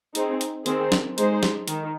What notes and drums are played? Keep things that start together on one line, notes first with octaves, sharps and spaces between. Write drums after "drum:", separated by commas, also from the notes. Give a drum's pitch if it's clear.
C4 D#4 G#4, drum: hi-hat
drum: hi-hat
D#3 C4 G#4 C5, drum: hi-hat
drum: snare
G#3 D#4 G#4 C5, drum: hi-hat
drum: snare
D#3, drum: hi-hat